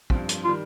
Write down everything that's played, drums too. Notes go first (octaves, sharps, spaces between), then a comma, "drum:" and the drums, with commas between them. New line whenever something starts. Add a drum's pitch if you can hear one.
G2 F3 C4, drum: kick
drum: hi-hat
F4
D#3 G3